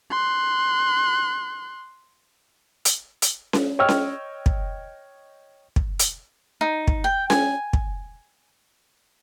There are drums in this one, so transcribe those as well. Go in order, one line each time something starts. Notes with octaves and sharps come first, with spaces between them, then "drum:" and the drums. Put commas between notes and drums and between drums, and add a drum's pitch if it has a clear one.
C6 F#6
drum: hi-hat
drum: hi-hat
drum: snare C#4
C#5 D#5 G5 E6 F6
drum: snare C#4
drum: kick
drum: kick
drum: hi-hat
D#4
drum: kick
G5
G#5, drum: snare C#4
drum: kick